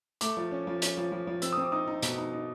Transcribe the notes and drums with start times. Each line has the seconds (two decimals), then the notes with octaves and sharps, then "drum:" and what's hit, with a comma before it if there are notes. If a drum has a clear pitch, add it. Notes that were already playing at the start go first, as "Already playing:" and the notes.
0.21 A3 D6, drum: hi-hat
0.37 F3
0.51 C#4
0.67 F3
0.82 C#4, drum: hi-hat
0.97 F3
1.12 F3
1.27 F3
1.42 C4 E6, drum: hi-hat
1.52 D#6
1.57 C4 D6
1.72 D#4 D#6
1.87 D#4
2.03 B2, drum: hi-hat
2.18 D#4
2.33 D#4